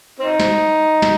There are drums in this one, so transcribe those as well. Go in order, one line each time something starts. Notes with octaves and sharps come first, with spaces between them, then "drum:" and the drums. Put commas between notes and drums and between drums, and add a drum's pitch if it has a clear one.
C4 D#4
drum: snare
drum: snare